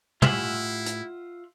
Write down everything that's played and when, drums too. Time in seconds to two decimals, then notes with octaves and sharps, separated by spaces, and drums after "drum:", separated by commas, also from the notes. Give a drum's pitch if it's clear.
0.22 A2 E4 F4 G4 E5 F#5 G#5, drum: tom
0.86 drum: hi-hat